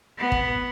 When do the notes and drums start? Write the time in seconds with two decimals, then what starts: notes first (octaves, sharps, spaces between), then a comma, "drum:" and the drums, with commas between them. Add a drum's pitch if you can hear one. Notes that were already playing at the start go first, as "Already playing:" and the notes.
0.18 B3
0.32 drum: kick